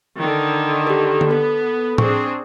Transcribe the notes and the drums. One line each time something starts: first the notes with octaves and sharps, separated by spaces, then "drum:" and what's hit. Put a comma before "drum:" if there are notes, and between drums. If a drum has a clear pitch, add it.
D3 D#3
G4 A4
drum: tom D3
B3 A4
C4 D4 G#4 C#6, drum: tom A2